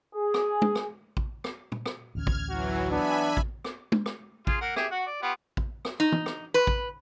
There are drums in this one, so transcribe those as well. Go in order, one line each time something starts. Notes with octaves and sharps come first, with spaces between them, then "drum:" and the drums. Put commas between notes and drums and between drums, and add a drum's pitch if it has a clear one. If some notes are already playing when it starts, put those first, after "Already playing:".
G#4
drum: rim click
drum: tom
drum: rim click
drum: kick A1
drum: rim click
drum: tom
drum: rim click
A1 D2 C#4 F6 G#6
drum: kick A1
E3 F#3 F#4
B3 D4 E5 G#5 B5
drum: kick A1
drum: rim click
drum: tom
drum: rim click
F4 G#4, drum: kick A1
A#3 F#5
G4 G#4 E5, drum: rim click
F#4 F#5
D5
B3 F4 G4
drum: kick A1
drum: rim click
D#4
drum: tom
drum: rim click
B4
drum: kick A1